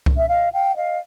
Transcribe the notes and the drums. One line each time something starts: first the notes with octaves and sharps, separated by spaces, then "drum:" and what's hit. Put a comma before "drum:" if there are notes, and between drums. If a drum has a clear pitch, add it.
drum: kick C2
E5
D#5 F5
F5 G5
D#5 F5